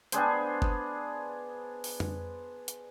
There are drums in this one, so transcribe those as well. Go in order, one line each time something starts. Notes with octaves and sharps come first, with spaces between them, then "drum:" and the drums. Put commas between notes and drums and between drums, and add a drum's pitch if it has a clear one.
B3 D4 G#4 C5, drum: hi-hat
drum: kick F#1
drum: open hi-hat
drum: tom F2
drum: hi-hat